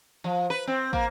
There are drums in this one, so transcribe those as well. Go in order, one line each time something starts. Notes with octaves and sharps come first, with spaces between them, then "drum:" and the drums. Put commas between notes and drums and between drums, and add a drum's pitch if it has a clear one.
F3
B4
C4
A#3, drum: kick